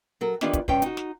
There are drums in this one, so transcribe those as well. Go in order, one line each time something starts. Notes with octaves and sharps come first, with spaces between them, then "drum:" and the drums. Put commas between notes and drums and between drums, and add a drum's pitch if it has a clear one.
F#3 A4 A#4
D#3 E3 B3 D4 F4 G4, drum: snare
drum: kick, hi-hat
G2 C3 C#4 C#5 G5, drum: kick
D#4 F#4, drum: hi-hat
drum: snare